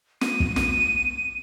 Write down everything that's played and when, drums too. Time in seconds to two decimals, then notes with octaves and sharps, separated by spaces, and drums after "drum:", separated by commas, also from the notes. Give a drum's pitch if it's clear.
0.21 D#7, drum: snare
0.40 drum: kick
0.56 drum: snare